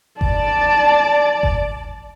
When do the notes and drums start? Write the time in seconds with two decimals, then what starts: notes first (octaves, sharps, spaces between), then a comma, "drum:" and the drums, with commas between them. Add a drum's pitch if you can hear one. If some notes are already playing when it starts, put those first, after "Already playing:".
0.21 D5 A5, drum: kick G1
1.43 drum: kick G1